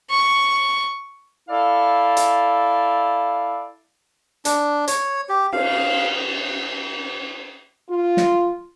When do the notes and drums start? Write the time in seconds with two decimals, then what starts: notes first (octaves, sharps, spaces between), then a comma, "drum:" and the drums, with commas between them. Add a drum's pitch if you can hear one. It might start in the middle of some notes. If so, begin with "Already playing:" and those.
0.10 C#6
1.49 E4 A4 D5 F5
2.17 drum: hi-hat
4.45 D4, drum: hi-hat
4.88 C#5, drum: hi-hat
5.29 G4
5.53 F5, drum: cymbal
7.90 F4
8.17 drum: snare